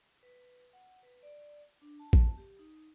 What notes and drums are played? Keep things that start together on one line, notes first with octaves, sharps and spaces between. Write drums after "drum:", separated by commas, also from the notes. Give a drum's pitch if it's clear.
B4
F#5
B4
D5
D4
A5
drum: kick A#1
G4
D#4